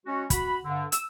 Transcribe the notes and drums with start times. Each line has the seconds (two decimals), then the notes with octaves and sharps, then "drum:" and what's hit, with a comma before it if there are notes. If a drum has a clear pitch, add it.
0.06 G#3 C#4 F#4
0.30 F#4 B5, drum: kick, hi-hat
0.64 G2 D3
0.92 E6, drum: hi-hat